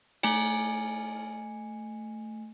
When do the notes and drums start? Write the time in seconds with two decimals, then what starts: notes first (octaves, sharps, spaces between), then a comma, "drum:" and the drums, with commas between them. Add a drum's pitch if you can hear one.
0.23 A3 G#5 C#7, drum: cymbal